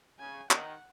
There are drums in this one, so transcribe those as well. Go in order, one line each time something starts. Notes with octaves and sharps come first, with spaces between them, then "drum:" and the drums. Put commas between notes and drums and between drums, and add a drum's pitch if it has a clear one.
C#3 G#5
D#3 F#5, drum: clap